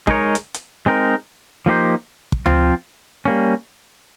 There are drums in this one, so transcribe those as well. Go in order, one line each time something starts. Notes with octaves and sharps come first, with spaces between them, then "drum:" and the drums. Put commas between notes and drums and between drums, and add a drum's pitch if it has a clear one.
G#3 D#4 A#4 C#5, drum: kick
drum: hi-hat
drum: hi-hat
G#3 C4 D#4 A#4
F3 A#3 D#4 G4 C5
drum: kick
F3 C4 F4, drum: tom D2
G3 A#3 C#4